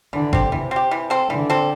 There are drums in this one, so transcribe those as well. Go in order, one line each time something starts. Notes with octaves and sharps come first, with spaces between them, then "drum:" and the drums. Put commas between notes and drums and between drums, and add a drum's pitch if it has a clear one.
D3 E3
C4 G4, drum: kick G#1
C3 E3
C4 G4
E3
C4 A4
D3 E3
C4 A4